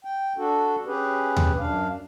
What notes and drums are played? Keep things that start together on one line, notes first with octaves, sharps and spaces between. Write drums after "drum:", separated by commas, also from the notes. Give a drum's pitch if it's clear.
G5
D4 F#4 A4
C#4 G4 G#4 B4
drum: tom D#2
F#2 D4 F5